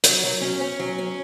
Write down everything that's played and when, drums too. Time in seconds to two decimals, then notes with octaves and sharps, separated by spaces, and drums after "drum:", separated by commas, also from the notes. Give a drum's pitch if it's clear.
0.04 F#3, drum: hi-hat
0.24 F#3
0.41 C#4
0.61 C#4
0.80 F#3
0.98 C#4